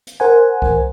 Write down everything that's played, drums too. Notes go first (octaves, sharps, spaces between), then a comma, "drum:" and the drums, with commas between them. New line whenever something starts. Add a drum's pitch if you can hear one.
drum: hi-hat
A#4 C5 F#5 G#5
drum: kick C2